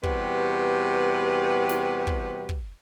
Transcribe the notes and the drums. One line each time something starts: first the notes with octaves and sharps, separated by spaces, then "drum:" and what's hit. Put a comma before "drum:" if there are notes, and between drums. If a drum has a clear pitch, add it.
E2 C3 G3 F#4 G4 B4, drum: kick
drum: snare
drum: kick
drum: kick